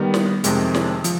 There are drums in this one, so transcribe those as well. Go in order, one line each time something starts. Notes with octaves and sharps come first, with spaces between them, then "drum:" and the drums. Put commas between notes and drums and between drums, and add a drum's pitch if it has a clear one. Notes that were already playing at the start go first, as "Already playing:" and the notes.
Already playing: D#3 G3 B3
drum: snare
F2 C3 D#3 G#3, drum: hi-hat
drum: snare
F3, drum: hi-hat